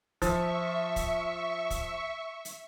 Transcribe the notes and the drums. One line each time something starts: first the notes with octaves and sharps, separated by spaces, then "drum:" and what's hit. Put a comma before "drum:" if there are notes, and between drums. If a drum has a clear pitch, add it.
F3 E5 C#6, drum: kick, hi-hat
drum: kick, hi-hat
drum: kick, hi-hat
drum: hi-hat